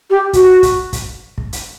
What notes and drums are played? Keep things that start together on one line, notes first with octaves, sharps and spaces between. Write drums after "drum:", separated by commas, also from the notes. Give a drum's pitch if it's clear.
G4
F#4, drum: kick, hi-hat
drum: kick, hi-hat
drum: kick, hi-hat
drum: kick
drum: hi-hat